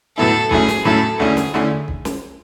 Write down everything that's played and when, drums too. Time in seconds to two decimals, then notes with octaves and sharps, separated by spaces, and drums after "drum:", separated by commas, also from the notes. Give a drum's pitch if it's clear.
0.18 A2 F#3 B3 E4 A4
0.51 A2 F#3 A3 C#4 G#4, drum: kick
0.68 drum: snare
0.85 A2 F#3 A3 C#4 A4
1.20 D2 D3 A3 C#4 E4 G#4
1.37 drum: snare
1.54 D3 A3 C#4 E4
1.88 drum: kick
2.05 drum: snare